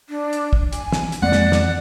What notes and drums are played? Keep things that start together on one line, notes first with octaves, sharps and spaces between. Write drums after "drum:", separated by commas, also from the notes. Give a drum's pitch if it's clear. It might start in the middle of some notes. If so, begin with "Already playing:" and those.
D4
drum: hi-hat
drum: kick
G#5, drum: hi-hat
drum: snare
drum: hi-hat
F2 G#3 A#3 C4 D5 F#5
drum: snare
drum: snare